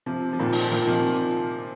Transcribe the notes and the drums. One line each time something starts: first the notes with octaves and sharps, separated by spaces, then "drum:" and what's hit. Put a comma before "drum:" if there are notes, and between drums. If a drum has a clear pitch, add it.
C3 F3
F3
A#2 D#3
drum: open hi-hat
A#2 D#3
C3 F3